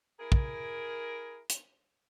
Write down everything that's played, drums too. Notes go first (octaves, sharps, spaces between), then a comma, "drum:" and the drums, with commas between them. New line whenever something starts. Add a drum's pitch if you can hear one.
E4 G#4 A#4
drum: kick
drum: hi-hat